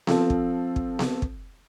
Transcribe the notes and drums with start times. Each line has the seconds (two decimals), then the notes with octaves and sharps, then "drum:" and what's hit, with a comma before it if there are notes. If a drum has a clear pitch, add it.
0.07 F3 C4 F4 A4, drum: snare B3
0.30 drum: kick
0.76 drum: kick
0.99 drum: snare B3
1.22 drum: kick